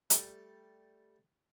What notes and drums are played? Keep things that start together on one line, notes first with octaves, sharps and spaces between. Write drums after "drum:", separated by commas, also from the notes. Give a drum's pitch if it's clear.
G3 A3, drum: hi-hat